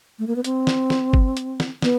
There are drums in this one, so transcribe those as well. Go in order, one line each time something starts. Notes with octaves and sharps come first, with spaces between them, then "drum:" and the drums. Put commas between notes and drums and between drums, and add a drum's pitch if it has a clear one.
A3
A#3
B3
C4, drum: hi-hat
drum: snare
drum: snare
drum: kick G1
drum: hi-hat
drum: snare
B3, drum: snare